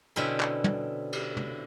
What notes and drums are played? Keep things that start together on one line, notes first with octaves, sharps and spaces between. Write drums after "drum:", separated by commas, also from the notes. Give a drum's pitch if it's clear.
B2 D3 C4 C#4 E4 B5
drum: clap
drum: tom
drum: cymbal
drum: tom